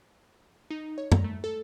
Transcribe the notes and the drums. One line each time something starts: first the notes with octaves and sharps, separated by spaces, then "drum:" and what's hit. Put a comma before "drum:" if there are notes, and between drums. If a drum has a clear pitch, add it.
D#4
C#5
A#5, drum: tom F#2
A3
A4